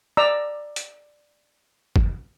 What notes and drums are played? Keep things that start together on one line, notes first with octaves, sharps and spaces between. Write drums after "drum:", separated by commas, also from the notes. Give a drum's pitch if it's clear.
D5 A#5 E6
drum: hi-hat
drum: kick